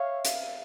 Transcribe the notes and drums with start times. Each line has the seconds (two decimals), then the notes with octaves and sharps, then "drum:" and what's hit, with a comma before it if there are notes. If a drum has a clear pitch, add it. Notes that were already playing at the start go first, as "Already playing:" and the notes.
Already playing: C#5 E5 F5
0.25 F5, drum: hi-hat